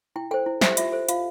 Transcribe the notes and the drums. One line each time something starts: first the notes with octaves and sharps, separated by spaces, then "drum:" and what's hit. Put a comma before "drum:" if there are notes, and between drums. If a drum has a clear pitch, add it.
E4 G5
A4 C5 G5
E4
G4 C5 E5, drum: snare
F4 E5, drum: hi-hat
A4 C5
F4 F5, drum: hi-hat